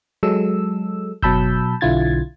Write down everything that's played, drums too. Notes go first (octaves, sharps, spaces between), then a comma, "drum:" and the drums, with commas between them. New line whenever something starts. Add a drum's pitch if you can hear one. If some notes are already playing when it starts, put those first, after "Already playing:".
F#3 G#3 A4 E6
B2 F#3 A5 B5 E6 G6, drum: kick F#1
B1 D3 E4 F4 G#6 A6